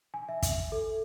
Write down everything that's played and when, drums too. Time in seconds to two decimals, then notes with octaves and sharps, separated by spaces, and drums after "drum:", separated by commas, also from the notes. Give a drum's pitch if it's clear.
0.14 G#5
0.29 E5
0.43 E5, drum: kick, hi-hat
0.72 A4